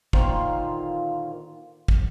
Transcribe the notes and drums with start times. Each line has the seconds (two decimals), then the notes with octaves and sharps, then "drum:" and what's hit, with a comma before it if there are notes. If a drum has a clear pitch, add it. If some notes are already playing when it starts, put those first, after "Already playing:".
0.13 A#2 D3 D#3 F4 C5 F5, drum: kick
1.88 drum: kick